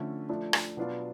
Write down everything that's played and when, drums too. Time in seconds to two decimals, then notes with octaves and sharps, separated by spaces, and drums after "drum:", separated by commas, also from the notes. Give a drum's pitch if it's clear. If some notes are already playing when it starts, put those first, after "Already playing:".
Already playing: D3 F3 A3 C#4
0.29 F3 A3 D4
0.53 drum: rim click
0.77 B2 F#3 B3 D4 F4